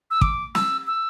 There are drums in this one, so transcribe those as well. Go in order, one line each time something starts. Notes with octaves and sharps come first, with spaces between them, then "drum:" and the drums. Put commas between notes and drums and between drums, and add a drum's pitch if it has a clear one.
E6
D6, drum: kick
E6, drum: snare
E6